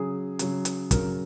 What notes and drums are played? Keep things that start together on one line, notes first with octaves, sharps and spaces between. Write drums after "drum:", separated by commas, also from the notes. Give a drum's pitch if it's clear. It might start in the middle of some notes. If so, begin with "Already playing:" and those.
Already playing: C#3 F#3 G#4
C#3 F#3, drum: hi-hat
drum: hi-hat
C#3 F#3 A#4, drum: kick, hi-hat